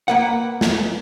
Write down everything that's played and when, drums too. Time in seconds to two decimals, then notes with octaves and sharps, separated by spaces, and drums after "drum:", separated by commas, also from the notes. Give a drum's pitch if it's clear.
0.08 A#3 B4 F#5
0.61 drum: snare